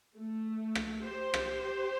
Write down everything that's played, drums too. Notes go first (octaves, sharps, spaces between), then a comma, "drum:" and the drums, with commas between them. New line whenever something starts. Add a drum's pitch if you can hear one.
A3
drum: rim click
G4 C5
drum: rim click